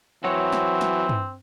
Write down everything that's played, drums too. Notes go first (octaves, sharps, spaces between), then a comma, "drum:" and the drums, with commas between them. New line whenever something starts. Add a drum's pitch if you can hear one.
E3 F#3 C4 F#4 C#5
drum: snare
drum: snare
drum: tom G2